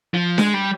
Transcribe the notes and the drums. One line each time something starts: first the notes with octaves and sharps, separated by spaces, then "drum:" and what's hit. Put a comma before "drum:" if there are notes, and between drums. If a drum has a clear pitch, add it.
F3
G#3, drum: snare D4
G3